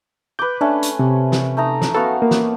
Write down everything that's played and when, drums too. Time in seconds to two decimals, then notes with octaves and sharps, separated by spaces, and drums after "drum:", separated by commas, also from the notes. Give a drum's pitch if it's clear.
0.39 B4 D6 G6
0.61 A3 C#4 D4
0.83 drum: hi-hat
0.99 C3
1.32 drum: snare
1.57 A3 D#4 A#5
1.82 drum: snare
1.95 B3 F#4 A4 F5
2.22 A#3
2.31 drum: snare